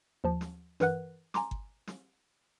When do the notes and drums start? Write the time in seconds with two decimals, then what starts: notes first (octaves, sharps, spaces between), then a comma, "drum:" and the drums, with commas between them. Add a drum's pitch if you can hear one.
0.24 D#2 F3 A5
0.41 drum: snare
0.80 G2 E3 A#4 B4 F#5 F#6, drum: snare
1.34 G#5 A#5 C6 D6, drum: snare
1.51 drum: kick G1
1.87 drum: snare